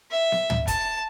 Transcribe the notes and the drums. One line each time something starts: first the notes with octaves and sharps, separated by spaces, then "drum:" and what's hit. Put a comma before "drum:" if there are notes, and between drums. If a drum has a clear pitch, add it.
E5
drum: snare B3
drum: tom
A5, drum: kick, hi-hat